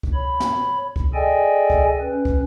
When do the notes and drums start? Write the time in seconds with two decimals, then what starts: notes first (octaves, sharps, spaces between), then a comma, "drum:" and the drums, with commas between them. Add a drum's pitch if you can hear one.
0.03 drum: kick
0.13 C#5 B5
0.40 drum: snare
0.96 drum: kick
1.14 G#4 A4 D5 D#5 G5 G#5
1.70 drum: kick
2.01 C#4 B4
2.25 drum: kick